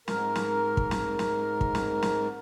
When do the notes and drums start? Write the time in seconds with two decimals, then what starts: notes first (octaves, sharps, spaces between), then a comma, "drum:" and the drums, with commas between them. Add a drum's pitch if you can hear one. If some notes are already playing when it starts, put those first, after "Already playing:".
0.08 G#2 A#4, drum: snare
0.35 drum: snare
0.77 drum: kick
0.91 drum: snare
1.19 drum: snare
1.61 drum: kick
1.75 drum: snare
2.02 drum: snare